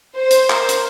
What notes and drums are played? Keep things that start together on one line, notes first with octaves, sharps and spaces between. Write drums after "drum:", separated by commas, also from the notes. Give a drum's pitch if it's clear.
C5
drum: hi-hat
A#4, drum: clap
drum: hi-hat